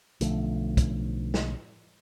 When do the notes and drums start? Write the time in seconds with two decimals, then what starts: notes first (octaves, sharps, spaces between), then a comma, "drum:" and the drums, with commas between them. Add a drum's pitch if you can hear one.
0.21 B1 D3 F3 A3, drum: hi-hat
0.77 drum: kick, hi-hat
1.34 drum: snare